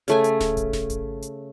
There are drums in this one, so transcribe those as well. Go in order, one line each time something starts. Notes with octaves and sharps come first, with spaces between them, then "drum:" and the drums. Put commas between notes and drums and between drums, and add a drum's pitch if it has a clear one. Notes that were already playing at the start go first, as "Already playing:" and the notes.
C#3 A3 G#5, drum: hi-hat
drum: hi-hat
drum: snare D1
drum: kick G#1, hi-hat
drum: snare D1
drum: kick G#1, hi-hat
drum: hi-hat